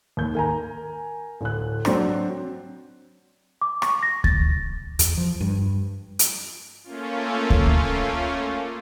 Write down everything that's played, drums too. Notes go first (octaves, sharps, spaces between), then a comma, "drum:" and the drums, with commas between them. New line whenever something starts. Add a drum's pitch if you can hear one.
D#2 G6
A#4 G#5 A#5
D1 F#6
F#3 C4 D4 C5, drum: rim click
D6
C#6, drum: rim click
A#6
A6, drum: kick D2
E2, drum: hi-hat
F3
G2
drum: hi-hat
A3 A#3 C#4 F4
drum: kick D2